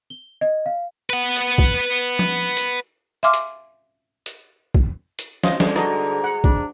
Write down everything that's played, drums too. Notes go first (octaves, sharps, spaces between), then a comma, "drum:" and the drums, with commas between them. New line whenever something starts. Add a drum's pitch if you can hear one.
G7
D#5
F5
B4 F#5
drum: hi-hat
drum: kick
drum: tom F3
drum: hi-hat
E5 F5 G#5 C6 D6 F6
drum: hi-hat
drum: hi-hat
drum: kick
drum: hi-hat
F4 C5 C#5 D#5, drum: snare
G#2 D3 G3 G#3 G#4, drum: snare
F#4 A4 D#5 A#5, drum: rim click
F#5
D4, drum: kick